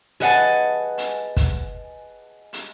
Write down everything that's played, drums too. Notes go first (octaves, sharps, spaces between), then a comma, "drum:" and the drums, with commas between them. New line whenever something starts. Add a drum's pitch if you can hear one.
G#4 B4 D#5 F#5 G#5 A5, drum: hi-hat
drum: hi-hat
drum: kick, hi-hat
drum: hi-hat